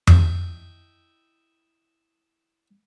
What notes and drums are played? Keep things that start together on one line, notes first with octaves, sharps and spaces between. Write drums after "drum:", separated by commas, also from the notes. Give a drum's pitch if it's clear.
E4 D#5 G5 A5, drum: tom F2